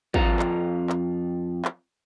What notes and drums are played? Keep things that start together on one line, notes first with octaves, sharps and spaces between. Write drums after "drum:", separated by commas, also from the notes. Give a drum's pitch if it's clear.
F2 F4 F5 A#5, drum: kick
drum: clap
drum: clap
drum: clap